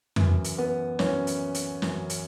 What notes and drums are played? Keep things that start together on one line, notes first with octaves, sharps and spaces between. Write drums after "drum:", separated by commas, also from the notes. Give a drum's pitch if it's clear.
F#2 E3, drum: tom F2
drum: hi-hat
B3
F#2 E3 C#4, drum: snare
drum: hi-hat
drum: hi-hat
F#2 E3, drum: snare
drum: hi-hat